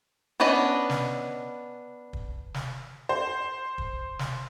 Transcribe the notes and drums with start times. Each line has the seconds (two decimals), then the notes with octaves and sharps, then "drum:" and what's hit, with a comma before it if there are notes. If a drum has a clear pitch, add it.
0.40 B3 C#4 D4 B4 D#5
0.90 drum: snare
2.13 drum: kick
2.54 drum: snare
3.09 C5
3.78 drum: kick
4.19 drum: snare